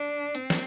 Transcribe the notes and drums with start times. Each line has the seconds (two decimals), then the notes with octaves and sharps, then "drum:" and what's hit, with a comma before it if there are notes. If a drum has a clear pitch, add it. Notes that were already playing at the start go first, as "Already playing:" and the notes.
Already playing: D4
0.35 C4, drum: hi-hat
0.50 drum: snare